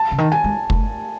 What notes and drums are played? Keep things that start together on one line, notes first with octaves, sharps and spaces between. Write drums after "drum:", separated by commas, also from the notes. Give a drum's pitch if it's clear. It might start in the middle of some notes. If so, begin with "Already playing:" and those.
Already playing: A5
C#3
D#3
G#5
G#3
A3, drum: kick